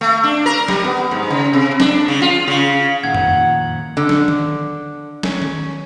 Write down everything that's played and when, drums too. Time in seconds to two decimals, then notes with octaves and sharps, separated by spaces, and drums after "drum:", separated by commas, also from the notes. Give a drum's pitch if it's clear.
0.01 A3
0.24 D4
0.46 A#4
0.68 G3, drum: snare
0.84 B3
1.11 G#2
1.30 C#3
1.53 C3
1.80 D4, drum: snare
2.08 C#3
2.22 F4
2.48 C#3
3.04 A#2 D#3 F3 F#5 G#6
3.15 drum: tom F2
3.97 D3
4.09 drum: snare
4.28 drum: tom D#3
5.23 C#4, drum: snare
5.42 drum: tom D#3